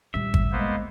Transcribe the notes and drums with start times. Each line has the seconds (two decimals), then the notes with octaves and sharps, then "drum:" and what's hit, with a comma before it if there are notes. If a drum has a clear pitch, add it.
0.14 A#1 G3 E5
0.34 drum: kick G#1
0.52 G#3 A#3 B3 C5